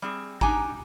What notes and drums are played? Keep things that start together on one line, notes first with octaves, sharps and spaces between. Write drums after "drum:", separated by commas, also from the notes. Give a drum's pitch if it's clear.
G3 C4 G#4
D4 D#4 G4 G#5 A#5, drum: kick G#1